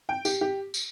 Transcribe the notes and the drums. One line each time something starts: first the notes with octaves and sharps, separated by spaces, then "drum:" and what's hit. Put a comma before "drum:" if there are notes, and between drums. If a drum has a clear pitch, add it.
G5
G4, drum: tambourine
G4
drum: tambourine